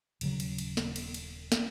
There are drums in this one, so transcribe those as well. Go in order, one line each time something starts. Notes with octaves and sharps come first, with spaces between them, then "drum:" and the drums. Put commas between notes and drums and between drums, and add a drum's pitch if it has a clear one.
D#1 C#3 F#3, drum: cymbal
drum: cymbal
drum: cymbal
drum: snare
drum: cymbal
drum: cymbal
drum: snare